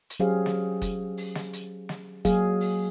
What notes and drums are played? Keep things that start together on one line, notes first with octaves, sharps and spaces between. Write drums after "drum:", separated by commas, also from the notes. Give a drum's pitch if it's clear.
drum: hi-hat
F#3 C#4 G4 G#4 C5 F5
drum: snare
drum: kick F#1, hi-hat
drum: open hi-hat
drum: snare
drum: hi-hat
drum: snare
F#3 A#3 G#4 F5, drum: kick F#1, hi-hat
drum: open hi-hat